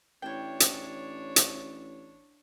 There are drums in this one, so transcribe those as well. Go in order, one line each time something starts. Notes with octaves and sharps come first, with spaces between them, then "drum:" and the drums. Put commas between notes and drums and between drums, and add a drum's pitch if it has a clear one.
A1 D4 E4 C#5 G5
drum: hi-hat
drum: hi-hat